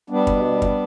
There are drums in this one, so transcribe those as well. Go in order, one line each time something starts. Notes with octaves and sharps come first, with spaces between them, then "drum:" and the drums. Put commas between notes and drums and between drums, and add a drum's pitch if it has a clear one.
G3 B3 D4
B2, drum: kick
G3
drum: kick